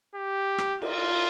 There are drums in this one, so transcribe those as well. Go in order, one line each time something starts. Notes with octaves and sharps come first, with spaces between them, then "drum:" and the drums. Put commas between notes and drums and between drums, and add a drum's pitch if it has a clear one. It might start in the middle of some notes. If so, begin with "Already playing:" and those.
G4
drum: rim click
F4, drum: cymbal